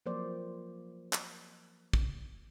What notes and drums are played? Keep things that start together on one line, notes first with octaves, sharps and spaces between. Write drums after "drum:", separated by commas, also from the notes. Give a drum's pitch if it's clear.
F3 F#3 A#3 C5 D5
drum: clap
drum: kick